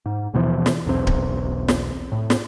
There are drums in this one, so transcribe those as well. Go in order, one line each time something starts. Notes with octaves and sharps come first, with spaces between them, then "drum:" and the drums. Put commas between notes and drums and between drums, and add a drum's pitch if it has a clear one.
G#2
D#2 B2 E3 F3
drum: snare
B1 E2 C4
drum: kick D1
drum: snare
A2
drum: snare